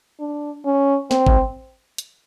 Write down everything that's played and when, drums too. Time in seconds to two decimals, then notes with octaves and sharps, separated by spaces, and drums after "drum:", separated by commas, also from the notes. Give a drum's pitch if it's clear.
0.20 D4
0.65 C#4
1.11 C4, drum: snare
1.27 drum: kick G#1
1.98 drum: hi-hat